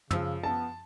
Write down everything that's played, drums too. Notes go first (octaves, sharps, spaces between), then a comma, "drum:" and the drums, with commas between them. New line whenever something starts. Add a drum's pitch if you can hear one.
C#3 F3 E6, drum: tom
B3 A5